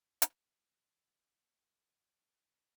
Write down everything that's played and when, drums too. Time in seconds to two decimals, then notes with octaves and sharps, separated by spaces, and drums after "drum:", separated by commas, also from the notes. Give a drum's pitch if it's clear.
0.22 drum: hi-hat
1.63 D2 C#3 B3 C5 D#5
1.93 C#2 D#3 F#3
2.43 C#3 C4 D4 A#4